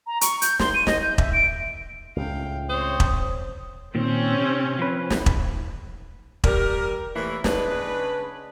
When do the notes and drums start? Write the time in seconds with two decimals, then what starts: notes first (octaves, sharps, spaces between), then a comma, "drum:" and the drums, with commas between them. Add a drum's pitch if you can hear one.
0.07 A#5
0.21 C#6, drum: hi-hat
0.42 G6, drum: hi-hat
0.59 C6, drum: snare
0.74 D#7
0.87 D#5, drum: snare
1.02 G6
1.18 E5, drum: kick E1
1.33 D7
2.16 C#2 A2 F5 G5
2.69 C4 C5 C#5 D#6
3.00 drum: kick E1
3.95 A#2 D#3 C4 C#4
4.37 C3
4.79 F3 B4
5.10 drum: snare
5.26 drum: kick E1
6.44 G3 A#4, drum: kick E1
7.14 A2 C3 E3 A#3 E4
7.44 C#3 G#3 D4 B4, drum: snare